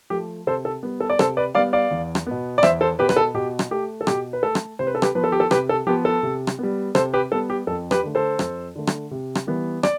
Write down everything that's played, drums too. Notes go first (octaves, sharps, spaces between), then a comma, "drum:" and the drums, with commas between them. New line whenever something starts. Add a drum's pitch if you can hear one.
F3 A3 G4
C3 A4 C5
A4
G3 B3
A4
D5
C3 A4 C5, drum: rim click
B4 D5
G3 B3 D5 F5
D5 F5
E2
drum: rim click
B2 B3
D5
E2 C5 E5, drum: rim click
A4 C5
B2 B3 G4 B4
B4, drum: rim click
A4
B2 G4
drum: rim click
A3 G4
A4
B2 G4, drum: rim click
B4
A3 A4
drum: rim click
C3 C5
B4
A4
G4 B4, drum: rim click
F3 B3 B4
A4
G4
A4
C3 G4 B4, drum: rim click
A4
F3 B3 G4
A4
C3
drum: rim click
G3 B3
C3 A4 C5, drum: rim click
G4 B4
G3 B3 A4
G4
F2 A4
G4 B4, drum: rim click
D3 A3
A4 C5
F2, drum: rim click
D3 A3
drum: rim click
C3
drum: rim click
E3 G3 B3
D5, drum: rim click